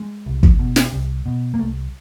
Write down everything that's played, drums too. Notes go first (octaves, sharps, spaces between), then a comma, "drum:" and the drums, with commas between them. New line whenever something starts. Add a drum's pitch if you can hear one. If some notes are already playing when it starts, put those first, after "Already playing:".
Already playing: G#3
C2
drum: kick
B2
drum: snare
C2
B2
A#3
C2 A3